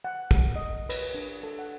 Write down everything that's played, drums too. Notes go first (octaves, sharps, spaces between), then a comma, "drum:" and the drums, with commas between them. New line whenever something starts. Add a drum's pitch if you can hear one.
F#5
drum: kick
D#5
B4, drum: cymbal
D4
A4
F#5